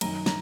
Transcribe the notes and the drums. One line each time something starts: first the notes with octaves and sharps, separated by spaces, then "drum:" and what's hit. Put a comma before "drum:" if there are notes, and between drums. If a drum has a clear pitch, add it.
F#2 D#3 A#5, drum: cymbal
A#5, drum: snare